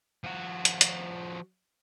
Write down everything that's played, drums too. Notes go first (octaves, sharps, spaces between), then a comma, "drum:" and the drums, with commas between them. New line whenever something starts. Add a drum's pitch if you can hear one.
F3 F#4
drum: hi-hat
drum: hi-hat